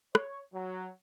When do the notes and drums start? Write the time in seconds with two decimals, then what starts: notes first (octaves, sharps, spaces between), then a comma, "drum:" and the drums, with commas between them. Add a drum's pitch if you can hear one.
0.15 C#5, drum: rim click
0.53 F#3